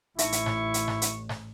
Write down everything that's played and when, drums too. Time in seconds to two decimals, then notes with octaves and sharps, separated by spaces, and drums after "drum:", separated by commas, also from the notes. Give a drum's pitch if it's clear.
0.19 A1 D#4 E4 E5 C#6, drum: hi-hat
0.32 drum: hi-hat
0.46 drum: snare G#2
0.74 drum: hi-hat
0.88 drum: snare G#2
1.02 drum: hi-hat
1.29 drum: snare G#2